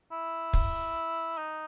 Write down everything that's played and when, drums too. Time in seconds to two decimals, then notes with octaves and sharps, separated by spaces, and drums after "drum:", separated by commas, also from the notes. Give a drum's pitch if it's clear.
0.12 E4
0.53 drum: kick
1.38 D#4